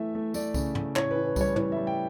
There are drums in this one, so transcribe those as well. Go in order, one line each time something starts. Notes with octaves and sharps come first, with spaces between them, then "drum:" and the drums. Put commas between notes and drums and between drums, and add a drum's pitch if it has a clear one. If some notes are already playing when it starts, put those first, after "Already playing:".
Already playing: E3 A3 E5
A3
A3 D5, drum: tambourine
C#3, drum: kick C2, tambourine
A3, drum: tom
A2 C#5, drum: clap
E3 B4
B4
G3 C#5, drum: kick C2, tambourine
E3 C#5, drum: tom
G3 E5
G5